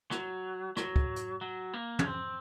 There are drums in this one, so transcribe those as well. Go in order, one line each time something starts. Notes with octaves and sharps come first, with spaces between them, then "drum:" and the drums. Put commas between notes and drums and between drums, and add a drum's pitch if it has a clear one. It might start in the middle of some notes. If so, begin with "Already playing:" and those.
F#3, drum: rim click
F#3, drum: rim click
drum: kick
drum: hi-hat
F#3
A#3
C#4, drum: tom
C4